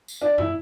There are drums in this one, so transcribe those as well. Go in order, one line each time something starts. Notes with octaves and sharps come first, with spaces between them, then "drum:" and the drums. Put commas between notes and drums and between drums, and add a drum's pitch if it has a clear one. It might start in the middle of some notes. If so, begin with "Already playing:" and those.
drum: tambourine
D4
E4, drum: tom F#2